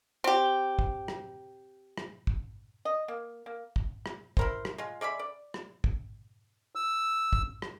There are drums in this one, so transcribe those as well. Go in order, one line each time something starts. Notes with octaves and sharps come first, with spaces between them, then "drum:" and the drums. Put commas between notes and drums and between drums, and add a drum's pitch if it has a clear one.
C4 G4
drum: kick
drum: rim click
drum: rim click
drum: kick
D#5
A#3
A#3
drum: kick
drum: rim click
E4 A#4 C5, drum: kick
drum: rim click
G#3 F4
G#3 D5 E5 B5
D5
drum: rim click
drum: kick
E6
drum: kick
drum: rim click